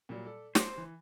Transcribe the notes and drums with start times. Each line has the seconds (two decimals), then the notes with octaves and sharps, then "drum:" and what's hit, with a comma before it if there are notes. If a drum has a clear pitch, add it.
0.09 A#2 F#3 G3
0.25 A4 D5
0.55 C5 D6, drum: snare
0.77 E3